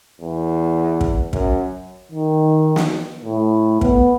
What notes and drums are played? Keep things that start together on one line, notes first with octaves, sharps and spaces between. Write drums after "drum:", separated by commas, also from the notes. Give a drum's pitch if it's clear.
E2
drum: kick
F#2, drum: kick
D#3
drum: snare
A2
B3, drum: kick